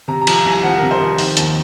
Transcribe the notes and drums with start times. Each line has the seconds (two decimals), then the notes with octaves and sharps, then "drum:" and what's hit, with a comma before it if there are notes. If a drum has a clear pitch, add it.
0.08 C3 A#5
0.21 A#5
0.27 F3, drum: cymbal
0.35 A#5
0.45 C2 G#5
0.63 F3 F#5
0.77 A#4
0.82 C3
0.91 C5
1.00 F3
1.18 D#3, drum: open hi-hat
1.37 D#2, drum: hi-hat